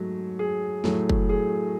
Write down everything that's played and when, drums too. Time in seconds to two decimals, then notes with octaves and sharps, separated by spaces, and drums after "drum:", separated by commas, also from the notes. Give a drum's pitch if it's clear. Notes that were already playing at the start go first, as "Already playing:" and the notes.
Already playing: G#2 F#3 A3
0.39 G#4
0.84 A2 F#3 A3, drum: snare
1.09 drum: kick
1.29 G#4